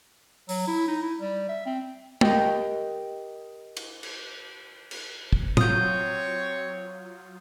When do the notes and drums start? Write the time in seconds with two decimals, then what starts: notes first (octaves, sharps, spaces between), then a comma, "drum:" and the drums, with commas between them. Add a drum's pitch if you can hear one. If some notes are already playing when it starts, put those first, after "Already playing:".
0.49 F#3, drum: open hi-hat
0.68 E4
0.88 D#4
1.02 E4
1.20 G3
1.49 E5
1.66 C4
2.21 G4 A#4 D#5 G5, drum: tom
3.77 drum: cymbal
4.03 drum: cymbal
4.91 drum: cymbal
5.33 drum: kick
5.57 F#3 C4 F4 C#5 D#6 G6, drum: tom